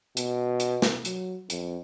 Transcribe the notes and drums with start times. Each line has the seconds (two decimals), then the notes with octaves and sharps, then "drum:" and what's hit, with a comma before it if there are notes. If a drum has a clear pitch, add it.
0.17 B2, drum: hi-hat
0.60 drum: hi-hat
0.82 drum: snare
1.05 F#3, drum: hi-hat
1.50 F2, drum: hi-hat